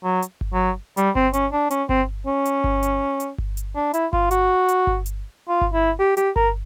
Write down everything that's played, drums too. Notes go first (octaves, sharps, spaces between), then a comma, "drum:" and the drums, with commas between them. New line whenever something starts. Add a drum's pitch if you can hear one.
F#3
drum: hi-hat
drum: kick G1
F#3
G3, drum: hi-hat
C4, drum: kick G1
C#4, drum: hi-hat
D4
C#4, drum: hi-hat
C4, drum: kick G1
C#4
drum: hi-hat
drum: kick G1
drum: hi-hat
drum: hi-hat
drum: kick G1
drum: hi-hat
D4
E4, drum: hi-hat
F4, drum: kick G1
F#4, drum: hi-hat
drum: hi-hat
drum: kick G1
drum: hi-hat
F4
drum: kick G1
E4
G4
G4, drum: hi-hat
A#4, drum: kick G1